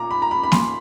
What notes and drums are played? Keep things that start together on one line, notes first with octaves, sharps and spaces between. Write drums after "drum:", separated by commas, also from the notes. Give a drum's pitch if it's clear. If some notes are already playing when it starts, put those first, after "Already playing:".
Already playing: A#2 A#5 D6
B5
A#5
B5
B5
C6, drum: snare A#3